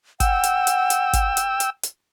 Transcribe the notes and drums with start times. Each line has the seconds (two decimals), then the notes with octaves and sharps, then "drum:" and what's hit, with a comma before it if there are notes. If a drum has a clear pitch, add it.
0.20 F#5 G5 E6, drum: kick, hi-hat
0.44 drum: hi-hat
0.67 drum: hi-hat
0.90 drum: hi-hat
1.13 drum: kick, hi-hat
1.37 drum: hi-hat
1.60 drum: hi-hat
1.83 drum: hi-hat